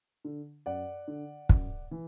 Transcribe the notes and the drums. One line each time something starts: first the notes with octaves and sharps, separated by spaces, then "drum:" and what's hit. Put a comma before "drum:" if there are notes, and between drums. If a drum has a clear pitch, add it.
D3
F#2 D5 F#5
D3
F#2, drum: kick
E3